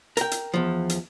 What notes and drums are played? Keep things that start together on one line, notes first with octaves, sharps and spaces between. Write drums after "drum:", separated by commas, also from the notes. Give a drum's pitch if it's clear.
A#4 G5, drum: hi-hat
drum: hi-hat
E2 F3
drum: hi-hat